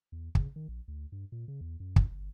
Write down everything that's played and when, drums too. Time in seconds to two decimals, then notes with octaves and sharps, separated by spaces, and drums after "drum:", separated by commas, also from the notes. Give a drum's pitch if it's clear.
0.12 E2
0.35 C#3, drum: kick
0.56 D#3
0.68 A#1
0.88 D2
1.12 G2
1.32 A#2
1.48 C#3
1.61 E2
1.80 F#2
1.96 F#2, drum: kick
2.11 G1